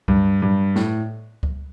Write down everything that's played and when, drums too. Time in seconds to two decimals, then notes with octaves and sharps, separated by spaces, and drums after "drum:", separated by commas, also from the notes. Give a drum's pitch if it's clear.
0.08 G2, drum: kick C#2
0.42 G2
0.76 A2, drum: snare
1.43 drum: kick C#2